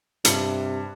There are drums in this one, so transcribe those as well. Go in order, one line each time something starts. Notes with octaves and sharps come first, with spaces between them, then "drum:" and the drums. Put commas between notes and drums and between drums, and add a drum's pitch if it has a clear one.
G2 C3 C#7 F#7, drum: hi-hat